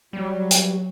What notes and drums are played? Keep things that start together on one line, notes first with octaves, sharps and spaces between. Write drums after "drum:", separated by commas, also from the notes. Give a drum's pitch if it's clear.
F#3 G3
drum: hi-hat